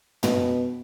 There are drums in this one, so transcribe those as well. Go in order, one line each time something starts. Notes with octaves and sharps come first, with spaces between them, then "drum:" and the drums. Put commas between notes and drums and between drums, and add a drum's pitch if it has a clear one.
B2, drum: tom